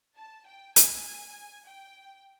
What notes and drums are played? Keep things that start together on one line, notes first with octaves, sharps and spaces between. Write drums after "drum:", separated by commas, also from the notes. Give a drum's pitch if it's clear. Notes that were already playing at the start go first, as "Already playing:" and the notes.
A5
G5
G#5, drum: hi-hat
G5